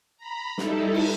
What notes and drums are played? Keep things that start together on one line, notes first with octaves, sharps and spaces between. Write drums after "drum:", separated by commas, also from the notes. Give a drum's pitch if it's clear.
A#5 B5
G3 D#4 E4 A4, drum: snare
drum: cymbal